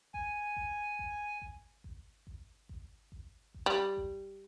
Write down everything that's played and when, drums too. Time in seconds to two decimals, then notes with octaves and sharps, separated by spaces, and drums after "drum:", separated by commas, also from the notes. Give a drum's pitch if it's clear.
0.14 G#5, drum: kick G#1
0.57 drum: kick G#1
0.99 drum: kick G#1
1.42 drum: kick G#1
1.84 drum: kick G#1
2.27 drum: kick G#1
2.69 drum: kick G#1
3.12 drum: kick G#1
3.54 drum: kick G#1
3.66 G3
3.97 drum: kick G#1